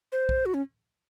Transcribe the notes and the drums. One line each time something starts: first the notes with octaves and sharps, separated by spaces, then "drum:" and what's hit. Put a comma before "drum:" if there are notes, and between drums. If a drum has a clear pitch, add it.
C5
drum: kick B1
F#4
C#4